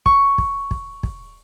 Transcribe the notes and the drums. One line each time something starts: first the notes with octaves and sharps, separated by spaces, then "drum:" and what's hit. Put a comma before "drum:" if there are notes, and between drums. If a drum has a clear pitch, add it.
C#6, drum: kick
drum: kick
drum: kick
drum: kick